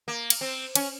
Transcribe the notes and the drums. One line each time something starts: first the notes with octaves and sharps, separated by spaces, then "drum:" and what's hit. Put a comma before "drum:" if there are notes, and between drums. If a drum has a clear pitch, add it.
A#3
drum: cymbal
C4
C#4, drum: cymbal